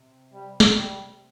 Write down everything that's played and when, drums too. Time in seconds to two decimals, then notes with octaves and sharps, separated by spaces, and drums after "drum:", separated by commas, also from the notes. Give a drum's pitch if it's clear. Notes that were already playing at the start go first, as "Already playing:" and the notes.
Already playing: C3
0.34 G3
0.60 drum: snare
0.75 G3